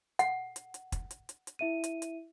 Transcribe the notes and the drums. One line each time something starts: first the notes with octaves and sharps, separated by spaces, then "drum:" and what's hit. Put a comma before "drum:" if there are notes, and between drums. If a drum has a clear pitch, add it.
F#5, drum: hi-hat
drum: hi-hat
drum: hi-hat
drum: kick, hi-hat
drum: hi-hat
drum: hi-hat
drum: hi-hat
E4 E5 D#7
drum: hi-hat
drum: hi-hat